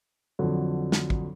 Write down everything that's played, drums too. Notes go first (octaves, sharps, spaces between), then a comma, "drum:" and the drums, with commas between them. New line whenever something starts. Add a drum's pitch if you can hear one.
F2 D3 F#3
drum: snare
drum: kick